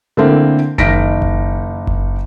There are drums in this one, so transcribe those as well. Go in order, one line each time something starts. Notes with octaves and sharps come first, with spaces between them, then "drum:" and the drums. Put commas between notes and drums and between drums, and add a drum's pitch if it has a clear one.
D3 A3 A#3 C4 E4
F#1 D#3 D#4 A#6 B6 D7, drum: kick F#1
drum: kick F#1
drum: kick F#1